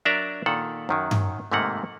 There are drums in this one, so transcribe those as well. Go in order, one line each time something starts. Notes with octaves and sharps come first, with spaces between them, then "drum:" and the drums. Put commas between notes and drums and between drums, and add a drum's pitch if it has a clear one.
F#3 D4 A#4 D5 E5 A#5
A#2 D#3 A4 F#5
F#2 D#3 F#3
drum: tom G2
G#2 C3 D#3 A3 A#3 F#5